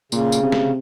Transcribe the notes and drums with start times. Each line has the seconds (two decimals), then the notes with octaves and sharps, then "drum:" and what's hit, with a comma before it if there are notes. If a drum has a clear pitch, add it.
0.12 A#2 C#3, drum: tambourine
0.32 drum: tambourine
0.42 C3
0.52 drum: snare